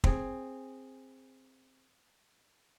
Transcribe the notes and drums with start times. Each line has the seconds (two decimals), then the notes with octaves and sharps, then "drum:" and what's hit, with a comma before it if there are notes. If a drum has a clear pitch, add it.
0.04 C4 G#4, drum: kick